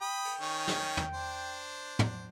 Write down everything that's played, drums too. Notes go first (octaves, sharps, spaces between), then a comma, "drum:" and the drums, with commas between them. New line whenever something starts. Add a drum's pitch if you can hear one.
G5 B5 D#6
drum: open hi-hat
D#3 C#4 C#5
drum: snare
drum: tom
D4 C5
drum: tom